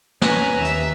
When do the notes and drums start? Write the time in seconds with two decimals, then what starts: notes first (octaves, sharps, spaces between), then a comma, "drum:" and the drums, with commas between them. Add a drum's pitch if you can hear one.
0.21 C#4 B4 G#5 A#5, drum: snare
0.54 D#2 E5
0.64 drum: hi-hat